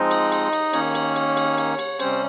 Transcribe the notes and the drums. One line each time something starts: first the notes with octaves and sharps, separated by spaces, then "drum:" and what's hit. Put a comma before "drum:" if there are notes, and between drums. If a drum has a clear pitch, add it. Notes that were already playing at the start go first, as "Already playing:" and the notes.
Already playing: F3 G#3 C4 D#4 D#5
drum: cymbal
drum: cymbal
drum: cymbal
D#3 A#3 C#4 C#5, drum: cymbal
drum: cymbal
drum: cymbal
drum: cymbal
drum: cymbal
drum: cymbal
C3 G3 C4 C#4 C5, drum: cymbal